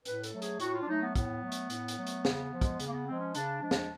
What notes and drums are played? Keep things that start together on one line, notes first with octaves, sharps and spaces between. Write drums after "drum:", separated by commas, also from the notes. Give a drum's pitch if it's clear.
A2 B4, drum: hi-hat
A4, drum: hi-hat
F#3 A3
G#4, drum: hi-hat
A2 F#4, drum: hi-hat
F4
D4
F#3 A3 D#4
B3
A2 B3, drum: kick, hi-hat
F#3 A3
drum: hi-hat
A2, drum: hi-hat
drum: hi-hat
F#3 A3
drum: hi-hat
C#3, drum: snare
F3 G#3
drum: kick, hi-hat
C#3, drum: hi-hat
A#3
B3
F3 G#3 C4
C#4
C#3 D4, drum: hi-hat
F3 G#3 D4
drum: snare